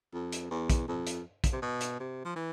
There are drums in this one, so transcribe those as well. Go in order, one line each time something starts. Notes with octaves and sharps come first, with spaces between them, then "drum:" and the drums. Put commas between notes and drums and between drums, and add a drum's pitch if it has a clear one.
F2
drum: hi-hat
E2
drum: kick, hi-hat
F2
drum: hi-hat
drum: kick, hi-hat
C3
B2
drum: hi-hat
C3
F3
E3